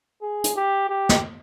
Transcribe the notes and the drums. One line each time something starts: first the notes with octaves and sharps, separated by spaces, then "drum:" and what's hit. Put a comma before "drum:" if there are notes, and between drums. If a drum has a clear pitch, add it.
G#4
drum: hi-hat
G4
G4
drum: snare